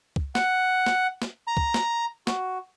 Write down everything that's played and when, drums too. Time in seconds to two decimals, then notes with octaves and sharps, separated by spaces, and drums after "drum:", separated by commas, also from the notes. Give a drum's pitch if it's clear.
0.16 drum: kick
0.35 F#5, drum: snare
0.86 drum: snare
1.22 drum: snare
1.48 A#5
1.57 drum: kick
1.74 drum: snare
2.27 F#4, drum: snare